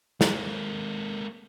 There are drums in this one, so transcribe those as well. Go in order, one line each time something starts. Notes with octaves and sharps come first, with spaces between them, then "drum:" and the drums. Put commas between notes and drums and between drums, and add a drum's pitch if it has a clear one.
G#3 A#3, drum: snare